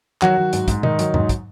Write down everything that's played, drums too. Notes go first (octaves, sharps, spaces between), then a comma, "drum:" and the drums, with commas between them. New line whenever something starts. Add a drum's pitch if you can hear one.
D#3 F#3 F#4, drum: clap
F#3
G#2, drum: hi-hat
G#2, drum: kick, hi-hat
D#3 D#4, drum: tom
F#3, drum: hi-hat
G#2, drum: tom E2
drum: kick, hi-hat